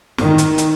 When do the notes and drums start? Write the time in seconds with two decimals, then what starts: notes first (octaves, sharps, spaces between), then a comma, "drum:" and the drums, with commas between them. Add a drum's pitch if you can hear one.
0.18 D#3, drum: snare
0.38 drum: hi-hat
0.58 drum: hi-hat